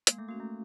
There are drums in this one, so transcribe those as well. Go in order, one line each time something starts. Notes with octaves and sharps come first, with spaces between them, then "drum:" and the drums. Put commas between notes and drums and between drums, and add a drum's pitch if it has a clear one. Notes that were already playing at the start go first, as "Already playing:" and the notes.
G#3 A#3, drum: hi-hat
A3
A#3 C#4 F#4
A3